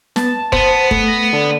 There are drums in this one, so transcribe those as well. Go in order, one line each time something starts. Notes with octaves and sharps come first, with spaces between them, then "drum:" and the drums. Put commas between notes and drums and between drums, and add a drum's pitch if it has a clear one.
B3 A5, drum: snare
B3 C5, drum: kick
A3, drum: kick
A#6
D3